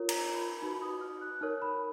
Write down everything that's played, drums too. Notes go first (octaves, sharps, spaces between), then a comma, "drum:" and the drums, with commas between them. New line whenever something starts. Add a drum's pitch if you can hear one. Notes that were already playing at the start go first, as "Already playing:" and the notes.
Already playing: F4 A#4 C#5
A#5, drum: cymbal
B5
D#4 F#4 B4 B5
D#6
F6
F#6
D#4 A#4 C#5 F6
B5